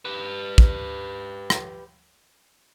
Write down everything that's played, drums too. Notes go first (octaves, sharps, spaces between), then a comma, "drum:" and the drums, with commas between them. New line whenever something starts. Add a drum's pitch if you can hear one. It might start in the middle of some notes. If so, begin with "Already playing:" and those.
G4 B4
drum: kick
drum: rim click